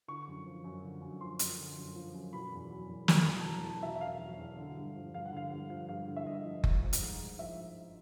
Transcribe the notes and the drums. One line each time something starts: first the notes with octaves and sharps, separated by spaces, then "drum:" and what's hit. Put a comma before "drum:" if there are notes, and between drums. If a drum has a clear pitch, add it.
D3 C#6
F#2
F3
F#2
D3
F#2
F3 C6
F#2, drum: hi-hat
D3
F#2
F3
F#2
B2 B5
E2
F#3
E2
B2, drum: snare
E2
A5
F#3 A#5
E2 A5
B2 E5
E5
E2 F5
F#3
E2
D3
G2
F3
G2 F5
F#5
D3 F5
G2
F3 F5
G2 F5
D3
E5
G2 D#5
F3
G2, drum: kick F#1
F3
drum: hi-hat
G#2
G#2
F3 E5
F3